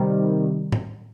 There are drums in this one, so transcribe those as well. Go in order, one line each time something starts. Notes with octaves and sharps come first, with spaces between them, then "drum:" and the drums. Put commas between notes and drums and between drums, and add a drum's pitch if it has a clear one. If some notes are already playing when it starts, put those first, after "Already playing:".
Already playing: C3 D#3 G3
drum: tom A2